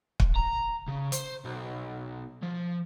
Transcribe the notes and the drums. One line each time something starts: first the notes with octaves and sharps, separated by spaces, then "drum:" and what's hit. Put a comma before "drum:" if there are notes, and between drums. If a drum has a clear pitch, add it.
drum: kick
A#5
C#3
C5, drum: hi-hat
B1
F3